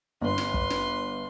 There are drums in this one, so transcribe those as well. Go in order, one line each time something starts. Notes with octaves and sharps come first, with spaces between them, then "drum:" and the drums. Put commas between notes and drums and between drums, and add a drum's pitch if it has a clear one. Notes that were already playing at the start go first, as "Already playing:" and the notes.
G1 B4 C6
drum: snare
drum: kick
drum: snare